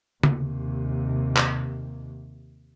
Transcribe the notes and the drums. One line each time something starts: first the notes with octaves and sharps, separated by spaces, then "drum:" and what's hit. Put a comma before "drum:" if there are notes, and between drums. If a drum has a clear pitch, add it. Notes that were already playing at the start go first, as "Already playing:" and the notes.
D#2 C3, drum: tom
drum: clap